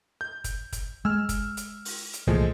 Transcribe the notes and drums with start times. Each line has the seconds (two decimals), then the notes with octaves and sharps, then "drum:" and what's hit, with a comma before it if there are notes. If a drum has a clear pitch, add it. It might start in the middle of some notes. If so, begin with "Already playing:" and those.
0.21 G6
0.44 drum: kick, hi-hat
0.72 drum: kick, hi-hat
1.05 G#3 E6 F6
1.29 drum: kick, hi-hat
1.57 drum: hi-hat
1.85 drum: open hi-hat
2.13 drum: hi-hat
2.27 C2 A#2 E3 F3 G#3 A3